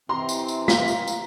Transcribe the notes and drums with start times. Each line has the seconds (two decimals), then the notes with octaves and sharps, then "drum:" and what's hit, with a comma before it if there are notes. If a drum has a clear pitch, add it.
0.09 C3 E3 C4 A#5 C6
0.29 drum: tambourine
0.48 drum: tambourine
0.68 F5 A#5 B6, drum: snare
0.88 drum: tambourine
1.07 drum: tambourine